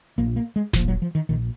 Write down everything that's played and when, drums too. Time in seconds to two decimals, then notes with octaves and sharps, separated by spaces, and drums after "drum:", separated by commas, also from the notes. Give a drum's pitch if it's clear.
0.18 A#1 A#2 A#3
0.36 A#3
0.56 G#3
0.73 A#1 A#2 F3, drum: snare E1
0.88 F#3
1.02 F3
1.15 D#3
1.29 A#1 A#2 D#3